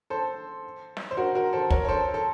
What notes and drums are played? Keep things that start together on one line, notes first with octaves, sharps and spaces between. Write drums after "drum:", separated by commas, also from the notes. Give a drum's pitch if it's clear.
A4 C5
drum: snare
C5
F#4 A#4
F#4 A#4
A4 C5
A#4 C#5, drum: kick
C#5
A4 C5
A4